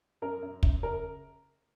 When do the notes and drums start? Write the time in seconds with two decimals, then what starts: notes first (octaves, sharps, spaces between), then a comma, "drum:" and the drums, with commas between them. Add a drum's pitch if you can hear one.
0.22 F#2 A#4
0.42 F#2
0.63 F#2, drum: kick
0.83 C#3 A#4